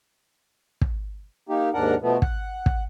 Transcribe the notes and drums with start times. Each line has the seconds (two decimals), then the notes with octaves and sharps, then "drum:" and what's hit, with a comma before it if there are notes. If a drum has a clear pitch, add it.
0.81 drum: kick
1.49 A#3 D#4 G4
1.74 D#2 G#2 D4 A#4 F#5
2.02 B2 F3 A3 B3
2.22 F#5, drum: kick
2.66 drum: kick